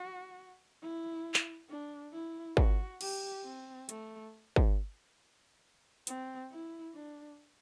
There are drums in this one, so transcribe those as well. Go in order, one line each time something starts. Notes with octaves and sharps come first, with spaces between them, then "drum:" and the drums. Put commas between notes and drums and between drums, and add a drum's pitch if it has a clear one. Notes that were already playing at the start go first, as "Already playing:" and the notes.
Already playing: F#4
E4
drum: clap
D4
E4
F#4, drum: kick
G4, drum: cymbal
C4
A3, drum: hi-hat
drum: kick
C4, drum: hi-hat
E4
D4